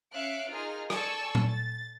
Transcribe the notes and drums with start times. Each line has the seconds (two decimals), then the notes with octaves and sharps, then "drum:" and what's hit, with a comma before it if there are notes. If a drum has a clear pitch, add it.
0.13 C#4 E5 F5 F#6 C#7 D7
0.51 D#4 F4 G#4 A#4 F6
0.90 A4 D5 G#5 C#6 E6, drum: rim click
1.35 drum: tom A#2
1.49 A6